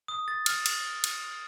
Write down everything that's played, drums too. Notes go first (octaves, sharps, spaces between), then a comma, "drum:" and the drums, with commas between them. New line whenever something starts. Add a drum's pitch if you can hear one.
D#6
A6
F6, drum: cymbal
drum: cymbal
drum: cymbal